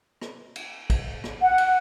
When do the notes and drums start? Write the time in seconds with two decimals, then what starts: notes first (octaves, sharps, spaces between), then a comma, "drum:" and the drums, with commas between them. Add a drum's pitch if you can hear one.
0.22 drum: rim click
0.56 drum: cymbal
0.90 drum: kick, cymbal
1.24 drum: rim click
1.41 F#5
1.58 drum: cymbal